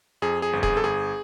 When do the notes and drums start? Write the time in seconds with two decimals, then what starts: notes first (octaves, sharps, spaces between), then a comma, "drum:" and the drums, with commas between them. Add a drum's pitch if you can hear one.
0.22 F2 G#4
0.42 G#4
0.53 G1
0.63 G#4, drum: kick D#1
0.77 A4
0.83 G1 G#4